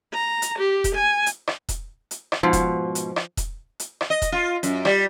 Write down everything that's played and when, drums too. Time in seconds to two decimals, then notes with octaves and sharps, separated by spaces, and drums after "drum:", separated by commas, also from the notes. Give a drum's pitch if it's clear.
0.14 A#5
0.42 drum: hi-hat
0.58 G4
0.84 drum: kick E1, hi-hat
0.95 G#5
1.26 drum: hi-hat
1.47 drum: rim click
1.69 drum: kick E1, hi-hat
2.11 drum: hi-hat
2.32 drum: rim click
2.43 G#2 B2 F3
2.53 drum: kick E1, hi-hat
2.95 drum: hi-hat
3.16 drum: rim click
3.37 drum: kick E1, hi-hat
3.80 drum: hi-hat
4.01 drum: rim click
4.10 D#5
4.22 drum: kick E1, hi-hat
4.32 F4
4.63 F#2, drum: hi-hat
4.85 G3, drum: rim click